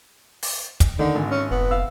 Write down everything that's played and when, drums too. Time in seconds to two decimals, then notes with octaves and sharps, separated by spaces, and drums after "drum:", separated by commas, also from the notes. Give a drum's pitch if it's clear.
0.43 drum: open hi-hat
0.80 drum: kick, hi-hat
0.99 D3 D#3
1.15 G#1
1.31 C#4
1.51 F1 B3
1.71 F5 E6